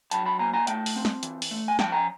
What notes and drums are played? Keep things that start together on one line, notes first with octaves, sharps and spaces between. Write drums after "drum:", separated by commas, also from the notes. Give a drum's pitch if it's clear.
F#3 A5 B5, drum: hi-hat
A5 B5
A#3 G#5 A#5
G#5 A#5
A3 G5 A5, drum: hi-hat
drum: open hi-hat
C4
drum: snare
E3, drum: hi-hat
drum: open hi-hat
A3
G#5
F3 G5 A5, drum: snare
G#5 A#5